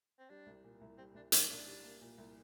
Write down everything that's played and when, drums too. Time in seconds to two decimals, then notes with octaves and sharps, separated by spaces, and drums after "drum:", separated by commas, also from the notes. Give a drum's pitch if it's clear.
0.19 C4
0.29 G3 D4
0.46 C2
0.64 A#2
0.81 C2
0.98 G3 C4
1.15 C2 D4
1.32 A#2 D#4, drum: hi-hat
1.50 C2 D4
1.66 G3
1.84 A#3
2.01 A#2
2.18 C2